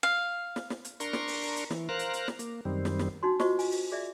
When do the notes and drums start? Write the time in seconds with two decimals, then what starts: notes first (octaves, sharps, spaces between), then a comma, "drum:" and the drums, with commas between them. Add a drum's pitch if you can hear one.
0.03 F5
0.56 drum: snare
0.70 drum: snare
0.85 drum: hi-hat
1.00 D4 A#4 A#5 C6 C#6, drum: hi-hat
1.13 drum: snare
1.28 drum: open hi-hat
1.42 drum: open hi-hat
1.56 drum: hi-hat
1.71 E3, drum: snare
1.89 A#4 C5 F5 A#5 F#6
1.99 drum: hi-hat
2.13 drum: hi-hat
2.28 drum: snare
2.39 A#3, drum: hi-hat
2.65 F#2 D#3 G3 C4
2.85 drum: snare
2.99 drum: snare
3.23 D4 D#4 F#4 C6
3.40 F4 F#4 C5 D#5 C#6, drum: snare
3.59 G#5, drum: open hi-hat
3.71 drum: open hi-hat
3.92 G#4 D5 E5